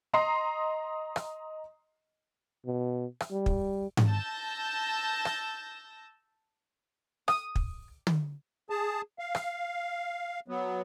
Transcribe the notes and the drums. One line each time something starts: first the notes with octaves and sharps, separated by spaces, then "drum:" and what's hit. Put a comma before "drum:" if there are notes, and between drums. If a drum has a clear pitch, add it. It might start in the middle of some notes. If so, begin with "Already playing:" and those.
D#5 A#5 C6 D#6 C7
drum: rim click
B2
drum: rim click
G3
drum: kick
drum: tom G#2
A5 E6 G6 A#6
drum: rim click
D#6, drum: rim click
drum: kick
drum: tom
G#4 A5
F5
drum: rim click
F#3 B3